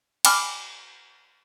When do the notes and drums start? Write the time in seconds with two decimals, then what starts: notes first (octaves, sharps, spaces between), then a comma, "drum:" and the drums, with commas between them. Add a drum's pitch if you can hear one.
0.25 G5 G#5 B5 D6 F6, drum: cymbal